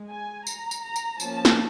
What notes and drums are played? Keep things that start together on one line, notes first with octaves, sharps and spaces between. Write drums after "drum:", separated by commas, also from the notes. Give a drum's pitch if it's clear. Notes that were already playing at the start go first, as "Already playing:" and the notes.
Already playing: G#3
G#5
A#5, drum: tambourine
drum: tambourine
A#5
drum: tambourine
F3 A#3 C#4 A5, drum: tambourine
drum: snare